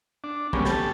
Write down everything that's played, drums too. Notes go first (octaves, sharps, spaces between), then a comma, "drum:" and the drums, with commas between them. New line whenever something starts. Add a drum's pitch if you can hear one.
D4
D3 G3 G#3 A#3 B3 C#4, drum: kick
G4 A4, drum: snare